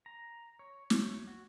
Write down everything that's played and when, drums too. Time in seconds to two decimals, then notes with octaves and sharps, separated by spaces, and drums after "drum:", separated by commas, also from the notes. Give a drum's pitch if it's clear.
0.06 A#5
0.59 C#5
0.90 C#5, drum: snare
1.27 F#4